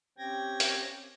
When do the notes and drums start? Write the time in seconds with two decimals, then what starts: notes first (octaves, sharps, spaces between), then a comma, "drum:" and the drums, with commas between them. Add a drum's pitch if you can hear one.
0.18 C4 C#4 G4 G5 G#6 A#6
0.60 drum: hi-hat